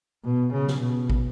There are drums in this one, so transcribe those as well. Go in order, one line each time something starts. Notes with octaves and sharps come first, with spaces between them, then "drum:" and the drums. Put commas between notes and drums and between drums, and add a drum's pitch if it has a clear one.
B2
C#3
drum: snare
B2
drum: kick